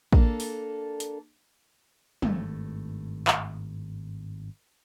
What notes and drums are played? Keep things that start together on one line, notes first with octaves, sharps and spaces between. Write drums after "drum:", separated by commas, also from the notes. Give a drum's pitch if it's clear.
A#3 D4 A4, drum: kick
drum: open hi-hat
drum: hi-hat
G#1 G2 A3, drum: tom
drum: clap